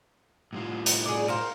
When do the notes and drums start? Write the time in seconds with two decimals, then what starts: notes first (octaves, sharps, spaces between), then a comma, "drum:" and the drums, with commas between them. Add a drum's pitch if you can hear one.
0.53 A2 G3 F4
0.86 drum: hi-hat
1.05 G#4 D5
1.28 A#4 C5 F5